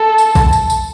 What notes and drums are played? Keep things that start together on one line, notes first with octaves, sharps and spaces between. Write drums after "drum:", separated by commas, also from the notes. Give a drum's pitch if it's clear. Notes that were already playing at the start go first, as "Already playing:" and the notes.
Already playing: A4 A5
drum: tambourine
drum: kick A#1, tambourine
drum: tambourine
drum: tambourine